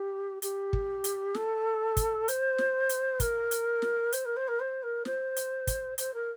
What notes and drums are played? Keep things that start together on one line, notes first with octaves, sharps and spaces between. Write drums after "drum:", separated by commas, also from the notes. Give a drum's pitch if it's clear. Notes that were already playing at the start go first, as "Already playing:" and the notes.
Already playing: G4
G4, drum: hi-hat
drum: kick
drum: hi-hat
A4, drum: snare
drum: kick, hi-hat
C5, drum: hi-hat
drum: snare
drum: hi-hat
A#4, drum: kick, hi-hat
drum: hi-hat
drum: snare
C5, drum: hi-hat
A#4
C5
A#4
C5
A#4
C5, drum: snare
drum: hi-hat
drum: kick, hi-hat
C5, drum: hi-hat
A#4